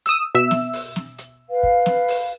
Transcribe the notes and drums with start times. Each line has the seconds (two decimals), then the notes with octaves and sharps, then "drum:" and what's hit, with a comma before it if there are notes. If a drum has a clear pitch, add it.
0.06 D#6 E6, drum: hi-hat
0.35 B2 E5 E6
0.51 drum: snare
0.73 drum: open hi-hat
0.96 drum: snare
1.18 drum: hi-hat
1.49 B4 F5
1.63 drum: kick
1.86 drum: snare
2.08 drum: open hi-hat